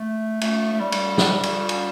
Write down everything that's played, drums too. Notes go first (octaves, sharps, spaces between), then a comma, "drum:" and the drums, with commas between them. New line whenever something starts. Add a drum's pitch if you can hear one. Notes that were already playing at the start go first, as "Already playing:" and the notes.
Already playing: A3
A3, drum: cymbal
A3
G3
drum: cymbal
drum: snare
drum: cymbal
drum: cymbal